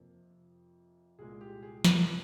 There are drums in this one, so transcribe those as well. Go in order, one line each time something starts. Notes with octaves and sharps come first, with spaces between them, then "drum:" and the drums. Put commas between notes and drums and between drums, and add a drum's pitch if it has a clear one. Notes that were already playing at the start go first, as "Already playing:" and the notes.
Already playing: F2 C3 F3 A#3
C2 A#2 G#3 G#4
G4
G#4
A#4, drum: snare